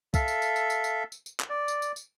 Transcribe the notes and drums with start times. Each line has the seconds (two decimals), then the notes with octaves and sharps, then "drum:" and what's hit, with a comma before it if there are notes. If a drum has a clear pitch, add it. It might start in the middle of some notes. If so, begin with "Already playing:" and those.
0.14 A4 E5 F5, drum: kick, tambourine
0.28 drum: tambourine
0.42 drum: tambourine
0.56 drum: tambourine
0.70 drum: tambourine
0.84 drum: tambourine
1.12 drum: tambourine
1.26 drum: tambourine
1.40 drum: clap
1.49 D5
1.68 drum: tambourine
1.82 drum: tambourine
1.96 drum: tambourine